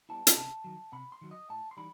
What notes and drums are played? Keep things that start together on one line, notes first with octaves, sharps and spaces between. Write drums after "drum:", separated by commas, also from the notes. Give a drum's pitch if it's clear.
G3 B3 E4 A5
drum: hi-hat
C3 A5
D#3 F#3
C3 B5
C6
D#3 F#3
D#5
A2 A5
C6
E3 G3 D#4 B5